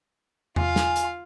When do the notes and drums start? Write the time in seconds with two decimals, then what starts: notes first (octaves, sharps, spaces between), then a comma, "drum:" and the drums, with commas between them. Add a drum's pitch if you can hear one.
0.56 F4 F5 G#5, drum: tom E2
0.76 drum: snare
0.96 drum: hi-hat